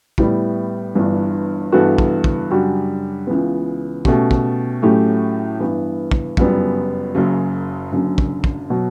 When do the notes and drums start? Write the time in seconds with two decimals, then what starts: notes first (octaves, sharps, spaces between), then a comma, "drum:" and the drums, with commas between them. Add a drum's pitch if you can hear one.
0.18 A2 G3 B3 E4, drum: kick
0.95 G1 G2 E3 B3 D4
1.72 G2 E3 B3 F#4 A4
1.98 drum: kick
2.24 drum: kick
2.50 F#2 C#3 G3 D4 F#4
3.27 C#2 C#3 E3 B3
4.05 B2 A3 C#4 G4, drum: kick
4.31 drum: kick
4.82 A2 F#3 A3 C#4 G4
5.60 G2 E3 B3
6.11 drum: kick
6.37 G1 F#2 C#3 G3 B3, drum: kick
7.15 F#1 F#2 C#3
7.92 F#1 F#2 D3
8.18 drum: kick
8.44 drum: kick
8.70 B2 F#3